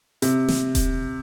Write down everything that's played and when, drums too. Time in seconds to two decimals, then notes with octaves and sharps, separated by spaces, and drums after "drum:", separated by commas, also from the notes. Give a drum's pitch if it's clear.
0.22 C3, drum: hi-hat
0.48 drum: snare
0.75 drum: kick D#1, hi-hat